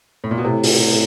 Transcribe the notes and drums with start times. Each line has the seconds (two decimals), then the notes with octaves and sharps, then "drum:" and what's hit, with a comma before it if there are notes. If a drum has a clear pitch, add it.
0.24 A2
0.31 A#2
0.38 B2
0.44 A2 C3
0.63 drum: open hi-hat